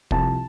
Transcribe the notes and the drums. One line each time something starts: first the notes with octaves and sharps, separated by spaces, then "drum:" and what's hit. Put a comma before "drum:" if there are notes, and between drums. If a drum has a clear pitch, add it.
C2 C3 F3 A5, drum: kick